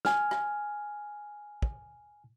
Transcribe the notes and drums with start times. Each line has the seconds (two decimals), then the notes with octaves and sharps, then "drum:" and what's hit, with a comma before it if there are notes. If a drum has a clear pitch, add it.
0.05 G#5 F6, drum: snare
0.31 drum: rim click
1.62 drum: kick